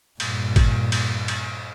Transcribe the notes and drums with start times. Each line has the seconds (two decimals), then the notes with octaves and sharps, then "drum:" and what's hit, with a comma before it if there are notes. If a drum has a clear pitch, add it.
0.20 G2 A#2, drum: cymbal
0.56 drum: kick G#1, cymbal
0.92 drum: cymbal
1.28 drum: cymbal